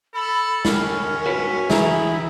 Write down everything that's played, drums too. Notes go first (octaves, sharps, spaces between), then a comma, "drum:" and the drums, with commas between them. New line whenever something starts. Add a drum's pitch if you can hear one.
A4 B5
C#4 A#4, drum: snare
F#4 B4 C#5
E3 E4 G#4 A#5, drum: snare